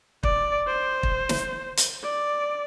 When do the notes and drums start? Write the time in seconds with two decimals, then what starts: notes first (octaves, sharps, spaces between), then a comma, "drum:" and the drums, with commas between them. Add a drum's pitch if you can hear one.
0.23 D5, drum: kick
0.68 C5
1.03 drum: kick
1.29 drum: snare
1.77 drum: hi-hat
2.03 D5